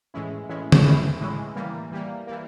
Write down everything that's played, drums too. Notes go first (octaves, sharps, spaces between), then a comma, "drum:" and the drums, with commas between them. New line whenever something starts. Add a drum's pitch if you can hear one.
A2 E3 G#3 C#4 E4
A2 E3 G#3 C#4 E4
drum: tom C#3
A2 E3 G#3 C#4 E4
A2 E3 G#3 C#4 E4
E3 G3 A#3
E3 G3 A#3
E3 G3 A#3